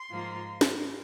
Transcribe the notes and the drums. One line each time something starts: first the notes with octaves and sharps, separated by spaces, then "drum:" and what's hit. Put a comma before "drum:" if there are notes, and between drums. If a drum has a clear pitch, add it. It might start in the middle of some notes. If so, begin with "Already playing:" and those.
Already playing: C6
G#2 F3 A#3 F4
drum: snare